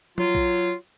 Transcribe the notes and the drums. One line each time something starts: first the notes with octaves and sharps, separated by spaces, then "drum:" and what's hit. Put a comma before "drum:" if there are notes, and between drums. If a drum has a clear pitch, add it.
F#3 F4, drum: tom
drum: kick B1